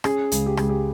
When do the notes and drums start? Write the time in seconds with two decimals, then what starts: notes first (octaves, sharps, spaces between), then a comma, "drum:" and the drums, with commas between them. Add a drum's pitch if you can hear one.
0.04 C#4 G#4, drum: rim click
0.32 C#2, drum: hi-hat
0.46 G4
0.57 C#2 G#4, drum: rim click
0.69 G4